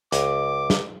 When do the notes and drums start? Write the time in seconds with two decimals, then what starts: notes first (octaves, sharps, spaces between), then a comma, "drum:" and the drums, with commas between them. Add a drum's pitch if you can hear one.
0.12 C#2 D6, drum: hi-hat
0.70 drum: snare